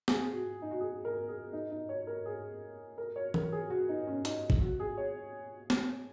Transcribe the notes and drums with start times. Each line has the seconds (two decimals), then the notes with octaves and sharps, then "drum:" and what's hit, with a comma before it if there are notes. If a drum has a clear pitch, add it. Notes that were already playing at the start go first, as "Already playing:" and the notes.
0.08 G#4, drum: snare
0.32 F#4
0.62 D#4
0.71 F#4
0.80 G#4
1.05 A#4
1.29 G#4
1.53 D#4
1.71 D#4
1.89 C#5
2.07 A#4
2.26 G#4
2.98 A#4
3.16 C#5
3.34 A#4, drum: tom E3
3.52 G#4
3.70 F#4
3.89 D#4
4.07 C#4
4.25 D#4, drum: hi-hat
4.50 drum: kick
4.61 F#4
4.80 G#4
4.98 C#5
5.70 drum: snare